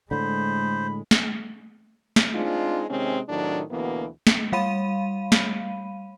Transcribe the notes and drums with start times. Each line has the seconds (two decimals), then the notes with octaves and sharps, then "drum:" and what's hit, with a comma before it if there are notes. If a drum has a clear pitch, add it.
0.11 A2 D3 G#3 C5 B5
1.11 drum: snare
2.16 drum: snare
2.34 G#3 C4 D4 D#4 F4
2.88 C3 D#3 G#3 C4 C#4
3.28 A2 C3 D#3 F#3 D4
3.69 D2 B2 E3 A#3 B3
4.27 drum: snare
4.52 G3 F5 B5 D#7
5.32 drum: snare